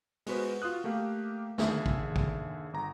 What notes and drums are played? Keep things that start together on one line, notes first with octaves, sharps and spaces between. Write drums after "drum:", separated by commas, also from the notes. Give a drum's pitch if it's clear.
G#3 B3 F#4 B4 C5, drum: open hi-hat
F4 F#4 D#6 F#6
A3 A#3 G4 F5
D#2 D3 G#4 E5, drum: snare
drum: kick
drum: kick
G1 A#5